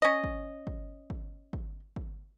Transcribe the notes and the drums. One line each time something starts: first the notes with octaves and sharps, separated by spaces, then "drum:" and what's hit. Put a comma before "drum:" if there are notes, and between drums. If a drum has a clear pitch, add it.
C#4 D#5
drum: kick
drum: kick
drum: kick
drum: kick
drum: kick